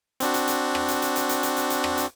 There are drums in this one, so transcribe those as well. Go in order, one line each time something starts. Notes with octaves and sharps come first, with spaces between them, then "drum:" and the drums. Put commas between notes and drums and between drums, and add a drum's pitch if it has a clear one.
C4 D4 F#4, drum: hi-hat
drum: hi-hat
drum: hi-hat
drum: rim click
drum: hi-hat
drum: hi-hat
drum: hi-hat
drum: hi-hat
drum: hi-hat
drum: hi-hat
drum: hi-hat
drum: rim click
drum: hi-hat